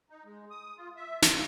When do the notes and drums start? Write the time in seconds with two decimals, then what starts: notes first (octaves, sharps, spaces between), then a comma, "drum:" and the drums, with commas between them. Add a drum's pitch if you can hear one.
0.10 D#4
0.25 G#3
0.50 D#6
0.77 F4
0.96 E5
1.22 F4, drum: snare